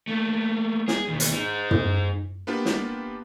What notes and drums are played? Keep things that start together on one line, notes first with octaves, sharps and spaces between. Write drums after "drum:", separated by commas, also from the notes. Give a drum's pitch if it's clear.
A3 A#3
G#4, drum: snare
D#2 B2
drum: hi-hat
G#3 D#4
drum: tom
A#3 B3 D4 F4 G4 B4
drum: snare